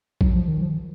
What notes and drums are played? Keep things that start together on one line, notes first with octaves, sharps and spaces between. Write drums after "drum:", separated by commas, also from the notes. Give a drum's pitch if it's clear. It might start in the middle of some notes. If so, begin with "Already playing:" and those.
F#3, drum: kick A#1
F3
D#3
F3